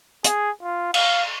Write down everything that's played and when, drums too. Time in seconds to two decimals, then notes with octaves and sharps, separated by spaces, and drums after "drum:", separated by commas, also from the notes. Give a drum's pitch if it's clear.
0.24 G#4, drum: hi-hat
0.63 F4
0.94 F5, drum: cymbal